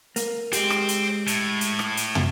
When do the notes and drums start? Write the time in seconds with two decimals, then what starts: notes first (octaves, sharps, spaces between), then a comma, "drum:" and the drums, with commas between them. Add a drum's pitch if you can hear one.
0.16 A#3, drum: hi-hat
0.53 G#3 C4 G4, drum: hi-hat
0.70 drum: rim click
0.88 drum: hi-hat
1.27 A2, drum: hi-hat
1.61 drum: hi-hat
1.79 drum: rim click
1.97 drum: hi-hat
2.15 drum: tom